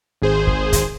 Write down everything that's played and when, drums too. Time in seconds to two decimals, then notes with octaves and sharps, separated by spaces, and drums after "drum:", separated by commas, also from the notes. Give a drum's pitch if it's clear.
0.22 G#1 G#4 C5
0.47 drum: kick
0.73 drum: kick, hi-hat